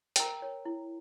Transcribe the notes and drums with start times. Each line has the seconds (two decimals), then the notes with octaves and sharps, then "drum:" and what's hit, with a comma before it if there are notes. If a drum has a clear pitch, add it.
0.16 G5, drum: hi-hat
0.19 A#4 A#5
0.42 C#5
0.65 E4